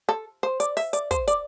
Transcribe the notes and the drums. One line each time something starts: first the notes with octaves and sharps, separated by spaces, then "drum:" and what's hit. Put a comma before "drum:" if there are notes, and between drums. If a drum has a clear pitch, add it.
A4
C5
D5, drum: hi-hat
E5, drum: open hi-hat
D5, drum: hi-hat
C5, drum: kick, hi-hat
D5, drum: hi-hat